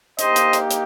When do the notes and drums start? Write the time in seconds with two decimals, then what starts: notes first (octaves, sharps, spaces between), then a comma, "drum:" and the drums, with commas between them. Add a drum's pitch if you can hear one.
0.18 A#3 D#4 G4 C5 D#5, drum: hi-hat
0.36 drum: hi-hat
0.53 drum: hi-hat
0.70 drum: hi-hat